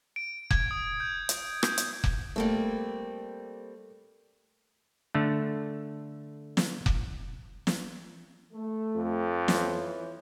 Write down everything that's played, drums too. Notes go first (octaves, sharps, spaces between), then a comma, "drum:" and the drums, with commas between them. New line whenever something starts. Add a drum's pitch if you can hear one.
D7
G#6, drum: kick F1
D#6
G6
drum: hi-hat
G6, drum: rim click
drum: hi-hat
drum: kick F1
G3 A3 A#3 C4
D3 A3
drum: snare
drum: kick F1
drum: snare
A3
F2
E3 C#5, drum: snare